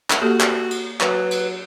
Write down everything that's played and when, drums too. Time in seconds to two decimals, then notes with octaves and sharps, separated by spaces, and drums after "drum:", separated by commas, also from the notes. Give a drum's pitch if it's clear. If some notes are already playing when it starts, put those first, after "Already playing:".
0.10 drum: clap
0.22 A#3 F#4 G4 A4
0.40 drum: clap
0.71 drum: cymbal
1.01 F#3 B4, drum: clap
1.31 drum: cymbal